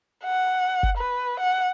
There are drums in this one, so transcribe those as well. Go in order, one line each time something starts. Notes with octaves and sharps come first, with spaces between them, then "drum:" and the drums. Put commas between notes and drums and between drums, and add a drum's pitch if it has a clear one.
F#5
drum: kick F#1
B4
F#5